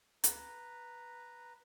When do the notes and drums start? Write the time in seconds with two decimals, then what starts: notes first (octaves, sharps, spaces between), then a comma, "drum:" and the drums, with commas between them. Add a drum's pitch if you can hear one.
0.24 B4 A#5, drum: hi-hat